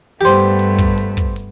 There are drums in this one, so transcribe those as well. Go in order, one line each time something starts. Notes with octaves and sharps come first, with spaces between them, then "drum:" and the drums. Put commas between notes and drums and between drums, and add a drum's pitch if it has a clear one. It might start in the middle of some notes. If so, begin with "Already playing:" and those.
G2 A3 B3 G4 C5, drum: hi-hat
drum: hi-hat
drum: hi-hat
drum: kick, open hi-hat
drum: hi-hat
drum: kick, hi-hat
drum: hi-hat